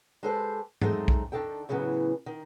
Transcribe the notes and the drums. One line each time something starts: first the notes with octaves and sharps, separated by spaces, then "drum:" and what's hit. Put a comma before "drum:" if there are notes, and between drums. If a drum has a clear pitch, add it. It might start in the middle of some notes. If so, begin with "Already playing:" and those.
G#3 G4 A4 B4 C5
F#3 G#3 A3 C4 D#4, drum: tom G#2
drum: kick B1
D#3 D4 D#4 A4 G5
A2 C#3 E3 F#3 B3
D#3